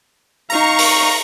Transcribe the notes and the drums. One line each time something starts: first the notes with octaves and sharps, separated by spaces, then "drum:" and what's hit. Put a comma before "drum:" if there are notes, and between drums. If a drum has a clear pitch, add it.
D#4 F5 A#5 C#6
drum: open hi-hat